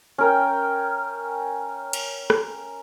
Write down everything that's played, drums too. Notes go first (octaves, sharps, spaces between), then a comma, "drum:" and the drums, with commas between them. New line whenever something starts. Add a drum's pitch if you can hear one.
C#4 A#4 G5
drum: cymbal
drum: rim click